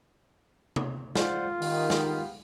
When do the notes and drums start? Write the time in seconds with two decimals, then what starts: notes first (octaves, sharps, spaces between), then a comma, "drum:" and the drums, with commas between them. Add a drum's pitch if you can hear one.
0.76 drum: tom C3
1.15 F4 C5 D5 F#5, drum: snare
1.62 D#3 B3 G4 F5, drum: open hi-hat
1.90 drum: snare